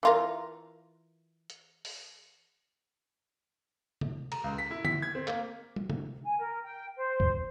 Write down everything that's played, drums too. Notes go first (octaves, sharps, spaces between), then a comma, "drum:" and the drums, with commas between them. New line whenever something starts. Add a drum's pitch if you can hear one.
E3 F4 A#4
drum: hi-hat
drum: open hi-hat
drum: tom C3
A#5, drum: cymbal
C#2
B6
E4
B6, drum: tom D3
G#6
C4
A#3, drum: clap
drum: tom
drum: tom C3
G#5
A#4
G5
C5
drum: kick